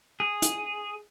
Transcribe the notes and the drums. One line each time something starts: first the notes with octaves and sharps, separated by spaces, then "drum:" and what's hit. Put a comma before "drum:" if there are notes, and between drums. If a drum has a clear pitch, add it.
G#4
drum: hi-hat